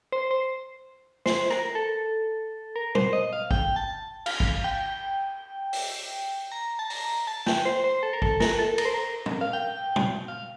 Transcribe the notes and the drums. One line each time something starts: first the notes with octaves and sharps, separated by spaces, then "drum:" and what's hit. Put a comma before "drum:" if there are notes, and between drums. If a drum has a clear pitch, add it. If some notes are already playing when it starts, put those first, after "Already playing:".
C5
C5
C5, drum: snare
A#4, drum: rim click
A4
A#4
C5, drum: tom A#2
D#5
F5
G5, drum: kick G#1
A5
F5, drum: cymbal
drum: kick G#1
G5
drum: open hi-hat
A#5
A5
A#5, drum: open hi-hat
A5
G5, drum: snare
C5
C5
A4
A#4
A4, drum: kick G#1
A#4, drum: snare
A4
A#4, drum: cymbal
C5
A#4
drum: tom
F5
G5
drum: tom A#2
F5